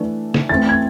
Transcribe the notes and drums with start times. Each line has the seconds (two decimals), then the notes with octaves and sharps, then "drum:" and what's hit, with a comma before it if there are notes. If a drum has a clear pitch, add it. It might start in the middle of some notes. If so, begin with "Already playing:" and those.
Already playing: E3 A3 D4
0.34 drum: snare
0.49 E3 A3 C4 A6
0.69 G#6